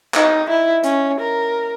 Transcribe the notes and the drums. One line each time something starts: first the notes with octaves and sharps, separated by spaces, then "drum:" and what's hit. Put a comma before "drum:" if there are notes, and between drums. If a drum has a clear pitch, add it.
D#4, drum: clap
E4
C#4, drum: hi-hat
A#4